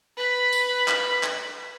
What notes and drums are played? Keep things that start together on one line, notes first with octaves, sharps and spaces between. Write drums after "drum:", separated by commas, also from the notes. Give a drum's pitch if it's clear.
B4 B5
drum: tambourine
drum: clap
drum: clap